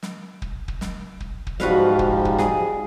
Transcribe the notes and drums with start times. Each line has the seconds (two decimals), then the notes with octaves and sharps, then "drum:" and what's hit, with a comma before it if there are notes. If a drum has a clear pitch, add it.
0.03 drum: snare
0.42 drum: kick
0.68 drum: kick
0.81 drum: snare
1.20 drum: kick
1.47 drum: kick
1.60 G#2 F3 G3 F#4 B4 F5, drum: snare
1.99 drum: kick
2.25 drum: kick
2.38 G#4, drum: snare